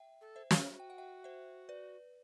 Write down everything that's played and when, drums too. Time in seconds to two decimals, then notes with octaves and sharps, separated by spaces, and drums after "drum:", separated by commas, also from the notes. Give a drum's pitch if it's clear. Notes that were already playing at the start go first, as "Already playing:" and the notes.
Already playing: E5 G5
0.21 A4
0.36 C5 E5
0.51 F#4, drum: snare
0.80 G5
0.90 F#5
0.98 E5 G5
1.24 C5 E5
1.69 B4 D5